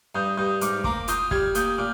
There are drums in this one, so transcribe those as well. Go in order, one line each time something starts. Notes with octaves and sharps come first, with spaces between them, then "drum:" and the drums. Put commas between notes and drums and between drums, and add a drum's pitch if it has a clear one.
G2 D#6 G6
G2 D#6 G6
G#2 D6 F6, drum: hi-hat
A#3 A#5 D6, drum: kick
F4 D#6 G6, drum: hi-hat
G3 F6 G#6, drum: kick
A#2 D#6 G6, drum: hi-hat
A#2 D6 F6